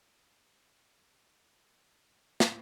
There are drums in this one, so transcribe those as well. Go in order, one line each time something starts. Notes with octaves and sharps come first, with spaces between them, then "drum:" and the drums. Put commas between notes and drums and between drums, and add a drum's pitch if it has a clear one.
G#2 F#3 G#3 A3 G#4
F#4
F#4
A3 A4
C#4 C#5
D4 D5
C#2 B2 F#3 A3 C#5
B4
C#4 C#5
drum: snare